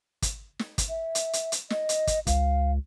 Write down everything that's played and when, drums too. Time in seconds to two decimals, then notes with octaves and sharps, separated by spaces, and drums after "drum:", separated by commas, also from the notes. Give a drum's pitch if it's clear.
0.22 drum: kick, hi-hat
0.59 drum: snare
0.78 drum: kick, hi-hat
0.89 E5
1.15 drum: hi-hat
1.33 drum: hi-hat
1.52 drum: hi-hat
1.70 D#5, drum: snare
1.89 drum: hi-hat
2.07 drum: kick, hi-hat
2.27 C#2 F5, drum: kick, hi-hat